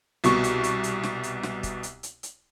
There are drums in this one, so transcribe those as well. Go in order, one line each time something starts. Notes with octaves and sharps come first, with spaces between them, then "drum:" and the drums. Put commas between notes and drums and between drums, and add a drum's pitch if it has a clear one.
C2 B2 C#6, drum: hi-hat
drum: hi-hat
drum: hi-hat
drum: hi-hat
drum: snare
drum: hi-hat
drum: snare
drum: kick, hi-hat
drum: hi-hat
drum: hi-hat
drum: hi-hat